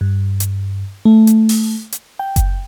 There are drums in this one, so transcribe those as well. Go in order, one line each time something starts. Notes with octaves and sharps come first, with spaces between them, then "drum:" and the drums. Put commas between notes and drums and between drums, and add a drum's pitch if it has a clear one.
G2
drum: hi-hat
A3
drum: hi-hat
drum: open hi-hat
drum: hi-hat
G5
drum: kick F#1, hi-hat